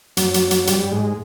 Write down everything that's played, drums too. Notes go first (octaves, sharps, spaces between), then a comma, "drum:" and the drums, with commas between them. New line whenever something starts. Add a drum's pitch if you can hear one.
F#2 F#3, drum: hi-hat
drum: hi-hat
drum: hi-hat
G2 G3, drum: hi-hat
G#2 G#3